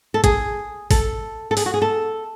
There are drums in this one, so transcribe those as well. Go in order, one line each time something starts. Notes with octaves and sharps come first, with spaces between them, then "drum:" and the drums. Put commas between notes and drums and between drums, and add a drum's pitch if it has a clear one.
A4
G#4, drum: kick G#1, hi-hat
A4, drum: kick G#1, open hi-hat
A4
G#4, drum: open hi-hat
F#4
G#4
A4